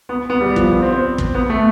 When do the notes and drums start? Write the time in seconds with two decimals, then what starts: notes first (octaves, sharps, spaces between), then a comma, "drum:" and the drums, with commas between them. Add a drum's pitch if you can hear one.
0.09 B3
0.30 B3
0.41 G3
0.56 F3, drum: kick
0.72 B3
0.82 C4
0.92 C4
1.18 drum: kick
1.34 B3
1.50 A3